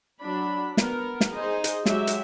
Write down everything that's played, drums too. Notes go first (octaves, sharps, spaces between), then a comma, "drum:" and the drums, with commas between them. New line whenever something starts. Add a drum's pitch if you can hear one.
F#3 D4 B5
B3 A#4, drum: snare
drum: snare
D#4 G#4 C5 D#5
drum: hi-hat
F#3 G#3 F#4 G4 E5, drum: snare
drum: hi-hat